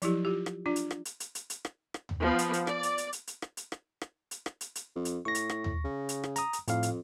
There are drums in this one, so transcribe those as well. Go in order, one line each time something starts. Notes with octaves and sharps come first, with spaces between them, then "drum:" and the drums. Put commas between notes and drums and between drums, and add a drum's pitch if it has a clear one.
F3 F#3 E4 G4, drum: hi-hat
F4 G4
drum: rim click
D4 F4 D5
drum: hi-hat
drum: rim click
drum: hi-hat
drum: hi-hat
drum: hi-hat
drum: hi-hat
drum: rim click
drum: rim click
drum: tom
F3 B3
drum: hi-hat
drum: hi-hat
D5, drum: rim click
drum: hi-hat
drum: hi-hat
drum: hi-hat
drum: hi-hat
drum: rim click
drum: hi-hat
drum: rim click
drum: rim click
drum: hi-hat
drum: rim click
drum: hi-hat
drum: hi-hat
F2
drum: hi-hat
A2 C#6 A#6
drum: hi-hat
drum: rim click
drum: tom
C#3
drum: hi-hat
drum: rim click
A#5 D#6, drum: hi-hat
drum: hi-hat
F2 A2 F5, drum: hi-hat
drum: hi-hat